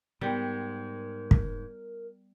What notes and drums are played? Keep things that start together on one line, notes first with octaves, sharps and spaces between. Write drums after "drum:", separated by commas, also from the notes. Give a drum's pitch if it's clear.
G#2 G3 B3 A#4 G5
drum: kick